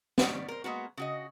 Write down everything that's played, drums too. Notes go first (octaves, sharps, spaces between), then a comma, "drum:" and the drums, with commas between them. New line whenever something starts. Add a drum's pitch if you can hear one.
D#3 G3 B3 C#4 D5, drum: snare
A#4 C5
G#3 A#3 B3 F#4
C#3 F#4 D#5